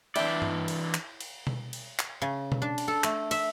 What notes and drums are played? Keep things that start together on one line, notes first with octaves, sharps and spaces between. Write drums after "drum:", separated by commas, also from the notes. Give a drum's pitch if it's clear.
E3 D4 E4 D5 E5 G5, drum: cymbal
drum: tom G2
drum: cymbal
drum: clap
drum: cymbal
drum: tom B2
drum: cymbal
drum: clap
C#3
drum: tom B2
D4
drum: cymbal
A4
A3, drum: clap
E5, drum: cymbal